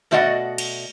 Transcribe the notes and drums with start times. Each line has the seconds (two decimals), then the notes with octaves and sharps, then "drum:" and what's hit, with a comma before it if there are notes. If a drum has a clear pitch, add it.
0.11 B2 A3 F#4 D5 D#5 F#5
0.58 drum: cymbal